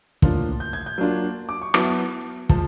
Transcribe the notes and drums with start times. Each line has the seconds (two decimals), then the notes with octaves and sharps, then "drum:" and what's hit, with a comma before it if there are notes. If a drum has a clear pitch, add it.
0.22 A2 F3 A#3 D4 F4, drum: kick
0.60 G6
0.73 G#6
0.86 G6
0.98 F#3 A#3 D4 F4
1.49 D6
1.62 C#6
1.74 F#3 B3 E4 A5, drum: rim click
2.49 F3 G#3 A5, drum: kick